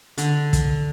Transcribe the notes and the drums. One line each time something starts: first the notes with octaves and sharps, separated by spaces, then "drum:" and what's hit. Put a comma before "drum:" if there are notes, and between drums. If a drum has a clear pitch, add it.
D3, drum: hi-hat
drum: kick, hi-hat